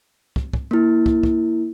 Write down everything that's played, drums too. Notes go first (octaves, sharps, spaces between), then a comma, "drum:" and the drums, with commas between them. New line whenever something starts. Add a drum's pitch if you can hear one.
drum: kick
drum: kick
A#3 E4
drum: kick
drum: kick